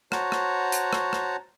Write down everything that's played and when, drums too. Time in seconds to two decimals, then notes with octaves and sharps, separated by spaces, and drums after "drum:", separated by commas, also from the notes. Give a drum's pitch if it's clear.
0.12 F#4 C5 C#5 F#5 A5 A#5, drum: rim click
0.32 drum: rim click
0.72 drum: hi-hat
0.93 drum: rim click
1.13 drum: rim click